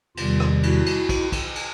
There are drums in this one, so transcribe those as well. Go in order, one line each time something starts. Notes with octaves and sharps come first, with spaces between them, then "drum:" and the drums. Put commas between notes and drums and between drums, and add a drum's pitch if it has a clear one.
E2 C3 D#3 G3 F4, drum: cymbal
drum: rim click
E4 F#4, drum: cymbal
drum: cymbal
drum: kick, cymbal
drum: kick, cymbal
drum: cymbal